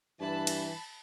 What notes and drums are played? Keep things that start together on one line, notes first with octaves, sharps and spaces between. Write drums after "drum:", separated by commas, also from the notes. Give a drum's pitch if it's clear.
G2 E3 A5 B5
drum: cymbal